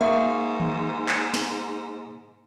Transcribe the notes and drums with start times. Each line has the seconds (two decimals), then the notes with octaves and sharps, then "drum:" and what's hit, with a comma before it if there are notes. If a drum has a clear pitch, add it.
0.01 G#2 A#3 E5 C#6 D#6
0.60 drum: tom D#3
1.08 drum: clap
1.34 drum: snare